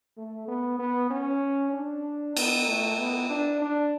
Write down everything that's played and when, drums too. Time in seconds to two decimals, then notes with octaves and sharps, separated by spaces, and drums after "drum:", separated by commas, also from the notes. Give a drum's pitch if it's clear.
0.17 A3
0.48 B3
0.79 B3
1.10 C#4
1.73 D4
2.36 B3, drum: cymbal
2.67 A3
2.98 B3
3.30 D4
3.62 D4